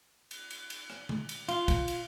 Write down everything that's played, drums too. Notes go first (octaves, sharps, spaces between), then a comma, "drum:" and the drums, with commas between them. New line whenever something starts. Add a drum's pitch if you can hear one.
drum: cymbal
drum: cymbal
drum: cymbal
drum: rim click
drum: tom C#3
drum: cymbal
F4, drum: cymbal
drum: kick, cymbal
drum: cymbal